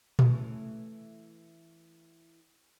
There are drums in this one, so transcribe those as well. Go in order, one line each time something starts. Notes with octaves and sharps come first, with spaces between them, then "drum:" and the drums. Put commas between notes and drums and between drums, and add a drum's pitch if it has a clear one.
E3 A3 C#4, drum: tom A#2